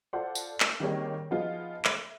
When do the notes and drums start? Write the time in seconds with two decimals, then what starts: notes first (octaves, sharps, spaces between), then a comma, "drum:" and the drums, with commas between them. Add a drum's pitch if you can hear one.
0.13 F4 A4 C5 D5 F#5
0.35 drum: tambourine
0.60 drum: clap
0.80 D#3 G3 A#3 C4 G#4 C#5
1.31 F3 B3 D#4 F4 G#4
1.85 E5, drum: clap